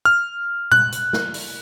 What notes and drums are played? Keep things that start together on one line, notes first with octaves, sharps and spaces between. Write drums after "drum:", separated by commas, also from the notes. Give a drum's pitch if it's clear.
F6
F#6, drum: tom A#2
drum: hi-hat
drum: snare
drum: open hi-hat